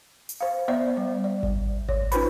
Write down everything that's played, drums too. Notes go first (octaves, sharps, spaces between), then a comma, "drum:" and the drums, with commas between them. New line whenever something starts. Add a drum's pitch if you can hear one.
drum: hi-hat
C5 F5
B3 C5 D5 E5
G3
D5
drum: kick G#1
C#5, drum: kick G#1
C#4 D#4 F4 B4 C5 B5, drum: hi-hat